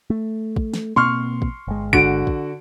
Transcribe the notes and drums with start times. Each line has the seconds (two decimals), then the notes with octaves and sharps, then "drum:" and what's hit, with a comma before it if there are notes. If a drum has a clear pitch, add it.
0.10 A3
0.56 drum: kick
0.74 drum: snare
0.96 B2 A#3 C4 C6 C#6 F6
1.42 drum: kick
1.68 G1 G#3
1.93 D3 F#4 D7, drum: kick
2.27 drum: kick